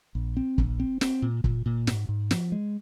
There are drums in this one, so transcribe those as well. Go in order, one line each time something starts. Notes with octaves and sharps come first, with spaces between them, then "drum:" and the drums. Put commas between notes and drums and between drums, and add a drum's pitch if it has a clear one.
A#1
C4
A#1, drum: kick
C4
C4, drum: snare
A#2
A#2, drum: kick
A#2
G#2, drum: snare
G#2
F3, drum: snare
G#3